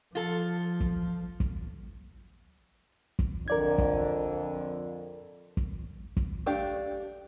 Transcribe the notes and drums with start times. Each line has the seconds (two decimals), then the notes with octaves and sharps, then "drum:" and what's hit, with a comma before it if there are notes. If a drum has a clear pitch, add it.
0.15 F3 F4 A4
0.80 drum: kick
1.40 drum: kick
3.19 drum: kick
3.48 F2 D3 A#4 D5 G#6
3.78 drum: kick
5.57 drum: kick
6.17 drum: kick
6.46 A3 D4 G4 F5